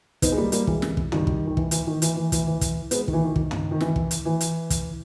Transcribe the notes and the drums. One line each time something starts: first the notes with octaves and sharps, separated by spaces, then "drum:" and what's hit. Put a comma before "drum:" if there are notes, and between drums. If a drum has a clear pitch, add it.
B3 D#4, drum: kick, hi-hat
G#3
G3 A#3
G3 A#3, drum: hi-hat
E3 G#3, drum: kick
drum: snare
drum: kick
D#3 G3, drum: tom
drum: kick
D#3
E3, drum: kick
E3, drum: hi-hat
D#3
E3, drum: hi-hat
E3
E3, drum: kick, hi-hat
E3
drum: kick, hi-hat
G#3 B3, drum: hi-hat
D#3, drum: kick
E3
D#3
D#3, drum: kick
drum: tom
D#3
E3, drum: snare
drum: kick
drum: hi-hat
E3
drum: hi-hat
drum: kick, hi-hat